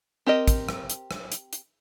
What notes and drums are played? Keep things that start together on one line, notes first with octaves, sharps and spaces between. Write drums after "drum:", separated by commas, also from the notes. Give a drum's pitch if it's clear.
C4 G4 A#4 D#5
drum: kick, hi-hat
drum: rim click
drum: hi-hat
drum: rim click
drum: hi-hat
drum: hi-hat